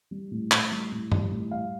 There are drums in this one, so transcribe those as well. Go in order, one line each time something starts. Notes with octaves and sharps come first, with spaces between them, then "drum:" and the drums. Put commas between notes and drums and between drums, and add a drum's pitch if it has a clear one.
G3
A2
A2, drum: clap
G3
A2
G3, drum: tom G2
A2
G3 F5